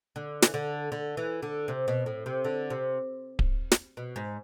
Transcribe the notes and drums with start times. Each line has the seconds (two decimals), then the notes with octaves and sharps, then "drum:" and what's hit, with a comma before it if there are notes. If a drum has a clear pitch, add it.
0.16 D3
0.42 E3, drum: snare
0.54 D3
0.92 D3
1.17 E3
1.43 D3
1.68 C3
1.88 B2
2.06 A2
2.26 C3
2.44 D3
2.70 C3
3.39 drum: kick D1
3.72 drum: snare
3.97 B2
4.16 G#2